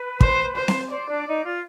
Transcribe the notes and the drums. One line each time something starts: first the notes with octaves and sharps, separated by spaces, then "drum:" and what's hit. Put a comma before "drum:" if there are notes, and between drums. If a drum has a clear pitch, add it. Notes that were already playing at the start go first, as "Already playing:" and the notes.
Already playing: B4
C5, drum: kick
C5
drum: snare C4
C5 D5
D4
D#4
F4